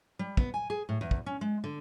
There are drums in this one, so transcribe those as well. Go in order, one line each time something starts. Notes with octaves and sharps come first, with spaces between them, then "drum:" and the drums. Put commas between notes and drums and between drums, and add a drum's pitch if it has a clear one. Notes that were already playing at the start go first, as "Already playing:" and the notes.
G3
B3, drum: kick
G#5
G#4
A2
E2
drum: kick
C#4
G#3
D3